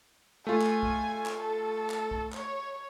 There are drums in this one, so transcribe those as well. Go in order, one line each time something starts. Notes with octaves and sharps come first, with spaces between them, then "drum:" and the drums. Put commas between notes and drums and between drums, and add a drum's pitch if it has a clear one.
A3 F4 G#5
drum: clap
drum: kick
drum: clap
A4
drum: clap
drum: kick
C#5, drum: clap